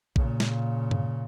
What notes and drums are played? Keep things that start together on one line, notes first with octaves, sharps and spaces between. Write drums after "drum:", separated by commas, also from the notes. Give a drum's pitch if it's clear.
A#2 C#3, drum: kick A#1
drum: snare
drum: tom G2